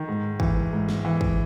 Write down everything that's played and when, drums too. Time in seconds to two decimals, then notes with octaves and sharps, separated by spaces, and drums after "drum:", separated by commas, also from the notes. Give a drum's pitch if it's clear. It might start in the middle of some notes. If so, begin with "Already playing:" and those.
Already playing: D#3
0.08 G#2
0.40 E3, drum: kick
0.73 G#2
0.89 drum: snare
1.05 E3
1.21 drum: kick